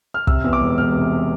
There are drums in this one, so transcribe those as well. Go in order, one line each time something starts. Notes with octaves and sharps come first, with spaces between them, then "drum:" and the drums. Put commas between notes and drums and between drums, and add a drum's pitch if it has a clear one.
F6
C3 E6, drum: kick
E2
D6
E1
E1 F6
C3